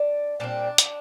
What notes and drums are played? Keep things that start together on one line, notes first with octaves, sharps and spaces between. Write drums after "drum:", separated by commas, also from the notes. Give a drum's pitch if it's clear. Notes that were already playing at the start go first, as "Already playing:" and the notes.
Already playing: D4
A#2 G3 C4 D4
drum: hi-hat